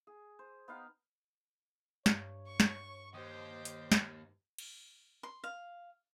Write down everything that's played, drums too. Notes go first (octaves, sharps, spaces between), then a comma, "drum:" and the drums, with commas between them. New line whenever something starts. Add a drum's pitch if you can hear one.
G#4
C5
B3 D#4 F5 G5
G2 C#5, drum: snare
C#6
drum: snare
D#2 G4 C5 D#5 D#6
drum: hi-hat
drum: snare
drum: cymbal
C6
F5